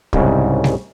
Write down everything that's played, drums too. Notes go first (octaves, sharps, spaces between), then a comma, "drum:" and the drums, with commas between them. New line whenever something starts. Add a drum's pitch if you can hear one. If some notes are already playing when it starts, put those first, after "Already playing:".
C2 G#2 C#3, drum: kick
drum: snare G3